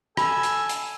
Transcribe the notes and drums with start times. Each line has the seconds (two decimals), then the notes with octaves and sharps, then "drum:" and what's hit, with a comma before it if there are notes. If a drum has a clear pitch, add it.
0.17 A4 G#5 B5, drum: rim click
0.43 drum: hi-hat
0.69 drum: hi-hat